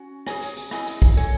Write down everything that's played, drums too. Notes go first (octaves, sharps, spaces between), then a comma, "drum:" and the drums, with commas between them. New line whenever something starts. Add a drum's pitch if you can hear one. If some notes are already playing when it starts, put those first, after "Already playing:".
Already playing: C#4 F#4
G#4 C#5 G#5, drum: rim click
drum: hi-hat
drum: hi-hat
E4 G#4 D#5 G#5, drum: rim click
drum: hi-hat
drum: kick, hi-hat
F#4 A4 C#5 G#5, drum: hi-hat